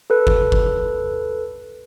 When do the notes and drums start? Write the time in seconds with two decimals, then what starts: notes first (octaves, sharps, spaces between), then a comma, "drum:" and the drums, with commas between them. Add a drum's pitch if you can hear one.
0.10 A4 B4
0.27 drum: kick G1
0.52 drum: kick G1